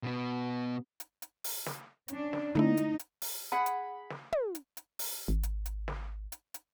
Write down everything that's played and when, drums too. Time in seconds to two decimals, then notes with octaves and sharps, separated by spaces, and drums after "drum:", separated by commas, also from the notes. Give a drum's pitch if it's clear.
0.03 B2 B3
1.00 drum: hi-hat
1.22 drum: hi-hat
1.44 drum: open hi-hat
1.66 drum: snare
2.08 C#4 D4, drum: hi-hat
2.33 drum: snare
2.55 D3 A3 D#4 E4, drum: tom
2.77 drum: hi-hat
2.99 drum: hi-hat
3.22 drum: open hi-hat
3.52 G#4 F#5 B5
3.66 drum: hi-hat
4.10 drum: snare
4.32 drum: tom
4.55 drum: hi-hat
4.77 drum: hi-hat
4.99 drum: open hi-hat
5.28 G#1
5.43 drum: hi-hat
5.66 drum: hi-hat
5.88 drum: snare
6.32 drum: hi-hat
6.54 drum: hi-hat